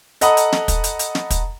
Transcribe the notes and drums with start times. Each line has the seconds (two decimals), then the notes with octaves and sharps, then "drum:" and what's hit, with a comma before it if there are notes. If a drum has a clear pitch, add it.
0.21 A4 D#5 F#5 A#5 B5 D#6, drum: hi-hat
0.37 drum: hi-hat
0.52 drum: snare
0.68 drum: kick, hi-hat
0.84 drum: hi-hat
0.99 drum: hi-hat
1.15 drum: snare
1.30 drum: kick, hi-hat